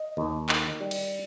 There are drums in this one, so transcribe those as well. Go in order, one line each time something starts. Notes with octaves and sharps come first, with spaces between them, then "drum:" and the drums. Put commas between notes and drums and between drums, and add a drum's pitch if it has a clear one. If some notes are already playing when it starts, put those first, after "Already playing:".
Already playing: D#5
D#2
D#3, drum: clap
G3
drum: cymbal